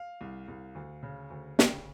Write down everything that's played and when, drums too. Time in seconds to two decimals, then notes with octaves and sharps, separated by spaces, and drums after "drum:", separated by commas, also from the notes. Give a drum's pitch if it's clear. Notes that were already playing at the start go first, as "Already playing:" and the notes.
Already playing: F5
0.21 C2
0.48 C2
0.75 D2
1.03 C#3
1.30 D2
1.59 C#3 G5, drum: snare